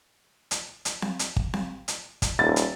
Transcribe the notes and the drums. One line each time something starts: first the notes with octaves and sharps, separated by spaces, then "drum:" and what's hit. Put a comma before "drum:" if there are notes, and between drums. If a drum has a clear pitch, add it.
drum: hi-hat
drum: hi-hat
drum: snare C4
drum: hi-hat
drum: kick
drum: snare C4
drum: hi-hat
drum: kick, hi-hat
D#1 A6
drum: hi-hat